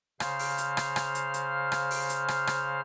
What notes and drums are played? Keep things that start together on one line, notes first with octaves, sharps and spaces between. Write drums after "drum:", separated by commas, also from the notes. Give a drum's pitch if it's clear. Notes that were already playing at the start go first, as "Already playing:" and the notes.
C#3 C5 F5 F6, drum: rim click
drum: open hi-hat
drum: hi-hat
drum: rim click
drum: rim click
drum: hi-hat
drum: hi-hat
drum: rim click
drum: open hi-hat
drum: hi-hat
drum: rim click
drum: rim click